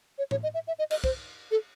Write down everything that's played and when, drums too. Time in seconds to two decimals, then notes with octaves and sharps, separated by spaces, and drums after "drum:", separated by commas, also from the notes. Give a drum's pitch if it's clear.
0.18 C#5
0.31 C#5, drum: tom A2
0.43 D#5
0.54 E5
0.68 E5
0.79 D#5
0.91 D#5, drum: cymbal
1.04 C5, drum: kick
1.51 A4